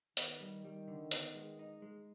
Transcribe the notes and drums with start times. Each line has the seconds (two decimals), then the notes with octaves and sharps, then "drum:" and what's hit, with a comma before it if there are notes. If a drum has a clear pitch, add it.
0.17 D#3 B3, drum: hi-hat
0.41 G3
0.65 G3
0.88 D3
1.11 B3, drum: hi-hat
1.35 G#3
1.59 D#4
1.82 G#3